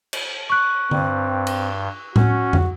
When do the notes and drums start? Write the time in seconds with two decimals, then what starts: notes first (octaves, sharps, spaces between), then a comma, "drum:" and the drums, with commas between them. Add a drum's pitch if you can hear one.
0.13 drum: cymbal
0.50 C#6 F#6
0.91 G2 C4, drum: tom D3
1.47 drum: cymbal
2.16 C#4 F#4, drum: tom A2
2.53 drum: tom F2